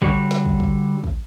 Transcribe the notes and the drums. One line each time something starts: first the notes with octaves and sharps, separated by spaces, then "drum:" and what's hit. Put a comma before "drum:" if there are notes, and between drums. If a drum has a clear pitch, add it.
D3 G3 F#4 C#5, drum: kick
drum: snare
drum: kick
drum: kick
drum: kick